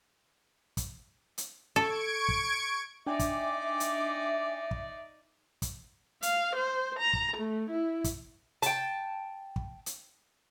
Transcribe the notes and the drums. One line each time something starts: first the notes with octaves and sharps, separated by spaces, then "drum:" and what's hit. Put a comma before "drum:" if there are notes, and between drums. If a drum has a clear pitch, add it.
drum: kick, hi-hat
drum: hi-hat
A4 C#6 G#6 D7
drum: kick
D4 D#4 D5 E5 G5 G#5 D6
drum: kick, hi-hat
drum: hi-hat
drum: kick
drum: kick, hi-hat
F5, drum: hi-hat
C5
A#5
drum: kick
A3
E4
drum: kick, hi-hat
G5 A5, drum: hi-hat
drum: kick
drum: hi-hat